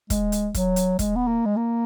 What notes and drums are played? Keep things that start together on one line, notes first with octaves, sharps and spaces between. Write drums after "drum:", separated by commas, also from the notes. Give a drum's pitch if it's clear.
G#3, drum: kick, hi-hat
drum: hi-hat
F#3, drum: kick, hi-hat
drum: hi-hat
G#3, drum: kick, hi-hat
B3
A#3
G#3
A#3